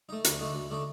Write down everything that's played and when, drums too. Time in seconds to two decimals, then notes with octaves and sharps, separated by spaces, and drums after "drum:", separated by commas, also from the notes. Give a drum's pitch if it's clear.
0.09 A3 D#4
0.24 D2, drum: hi-hat
0.39 D3 A3 D#4
0.55 D2
0.70 D3 A3 D#4